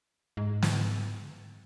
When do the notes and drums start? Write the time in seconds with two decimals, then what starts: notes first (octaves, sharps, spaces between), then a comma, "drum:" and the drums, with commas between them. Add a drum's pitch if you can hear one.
0.37 G#2
0.62 drum: snare